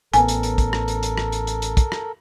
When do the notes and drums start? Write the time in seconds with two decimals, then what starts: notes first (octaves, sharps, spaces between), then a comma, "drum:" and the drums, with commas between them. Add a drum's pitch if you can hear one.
0.14 A1 B3 A4 A#4 G#5, drum: hi-hat
0.28 drum: hi-hat
0.43 drum: hi-hat
0.58 drum: kick, hi-hat
0.73 drum: rim click
0.88 drum: hi-hat
1.03 drum: hi-hat
1.18 drum: rim click
1.32 drum: hi-hat
1.47 drum: hi-hat
1.62 drum: hi-hat
1.77 drum: kick, hi-hat
1.92 drum: rim click